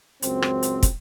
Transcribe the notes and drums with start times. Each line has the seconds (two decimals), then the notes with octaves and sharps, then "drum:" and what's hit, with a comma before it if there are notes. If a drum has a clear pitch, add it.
0.22 C#2 F#2 C4, drum: hi-hat
0.42 drum: rim click
0.63 drum: hi-hat
0.83 drum: kick, hi-hat